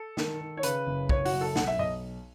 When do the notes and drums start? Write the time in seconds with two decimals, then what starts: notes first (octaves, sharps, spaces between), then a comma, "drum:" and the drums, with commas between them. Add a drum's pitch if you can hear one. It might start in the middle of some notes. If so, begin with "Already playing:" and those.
Already playing: A4
0.17 D#3, drum: snare
0.40 D#3
0.57 C#5
0.63 C#3 B4, drum: hi-hat
0.87 F#1
1.09 F#1 C#5, drum: kick
1.25 F#4, drum: open hi-hat
1.32 F#2
1.41 A4
1.56 B1 F#5, drum: snare
1.67 E5
1.79 B1 D#5